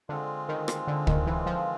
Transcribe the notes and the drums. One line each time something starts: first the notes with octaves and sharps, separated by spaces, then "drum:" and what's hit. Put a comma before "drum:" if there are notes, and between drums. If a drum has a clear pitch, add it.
D3 G#3 C4 F4
D#3
drum: rim click
D3
D#3, drum: kick
E3
F3